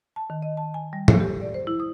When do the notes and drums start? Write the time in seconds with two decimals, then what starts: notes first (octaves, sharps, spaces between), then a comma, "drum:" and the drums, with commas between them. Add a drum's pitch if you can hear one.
0.16 A5
0.30 D#3
0.42 D#5
0.57 A5
0.74 G#5
0.93 G3
1.08 A4, drum: tom
1.20 G4
1.41 D5
1.54 C5
1.67 E4
1.80 D#6